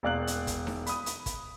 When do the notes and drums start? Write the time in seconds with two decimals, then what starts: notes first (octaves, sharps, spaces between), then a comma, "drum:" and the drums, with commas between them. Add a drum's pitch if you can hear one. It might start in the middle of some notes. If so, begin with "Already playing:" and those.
0.03 E1 A#3 D5 F5 F#6 F#7
0.27 drum: hi-hat
0.47 drum: kick, hi-hat
0.67 drum: snare D#4
0.86 B5 D#6, drum: hi-hat
1.06 drum: hi-hat
1.26 drum: kick, hi-hat